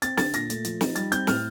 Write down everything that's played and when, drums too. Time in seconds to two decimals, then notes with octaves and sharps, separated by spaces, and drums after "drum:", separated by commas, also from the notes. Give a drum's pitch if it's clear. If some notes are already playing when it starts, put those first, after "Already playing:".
0.02 C4 A6, drum: hi-hat
0.17 D3 A6, drum: snare
0.33 A#2 A#6, drum: hi-hat
0.50 A3, drum: hi-hat
0.65 F3, drum: hi-hat
0.81 D#4, drum: snare
0.95 G3 A6, drum: hi-hat
1.12 C4 G6, drum: hi-hat
1.27 A2 F6, drum: snare